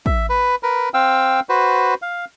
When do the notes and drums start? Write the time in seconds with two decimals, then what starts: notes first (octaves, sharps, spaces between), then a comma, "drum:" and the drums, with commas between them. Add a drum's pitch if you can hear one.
0.06 E5, drum: kick
0.29 B4
0.63 A#4 B4
0.94 C4 F5 G5 E6
1.49 F#4 B4 C5
2.02 F5